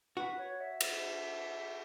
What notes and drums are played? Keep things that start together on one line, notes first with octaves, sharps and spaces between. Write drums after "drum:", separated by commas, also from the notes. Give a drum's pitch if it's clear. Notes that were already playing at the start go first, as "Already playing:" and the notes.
F#4 B4
C#5
E5
drum: cymbal